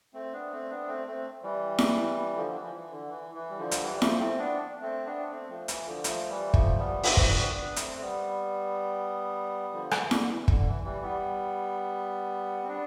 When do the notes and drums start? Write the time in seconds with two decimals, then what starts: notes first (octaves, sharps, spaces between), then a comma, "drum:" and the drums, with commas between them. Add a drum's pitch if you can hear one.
0.14 A3 C4
0.33 B3 D4
0.52 A3 C4
0.69 B3 D4
0.87 A3 C4
1.07 A3 C4
1.43 E3 G3
1.78 drum: snare E4
2.36 D3 F3
2.53 E3
2.64 F3
2.73 E3
2.90 D3
3.09 E3
3.35 E3
3.50 G3
3.58 D3 F3
3.71 drum: hi-hat
3.83 E3 G3
3.95 G3
4.02 F3 A3, drum: snare E4
4.19 A3 C4
4.38 B3 D4
4.81 A3 C4
5.06 B3 D4
5.30 A3 C4
5.49 F3 A3
5.68 E3, drum: hi-hat
5.86 D3 F3
6.04 F3 A3, drum: hi-hat
6.29 E3 G3
6.54 F3 A3, drum: kick
6.78 G3 B3
7.03 A3 C4, drum: open hi-hat
7.17 drum: kick
7.27 B3 D4
7.52 B3 D4
7.76 A3 C4, drum: hi-hat
7.96 A3
8.01 G3 B3
9.73 D3 F3
9.91 E3, drum: rim click
10.11 D3, drum: snare E4
10.25 D3
10.29 E3
10.48 D3, drum: kick
10.66 E3
10.84 E3 G3
11.02 G3 B3
12.64 C4
12.68 B3 D4